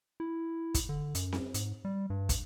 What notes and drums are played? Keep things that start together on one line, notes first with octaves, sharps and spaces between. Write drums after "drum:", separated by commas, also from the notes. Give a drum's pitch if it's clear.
E4
drum: kick, hi-hat
D3
F#2, drum: hi-hat
drum: snare C4
G#2, drum: hi-hat
G3
G2
drum: kick, hi-hat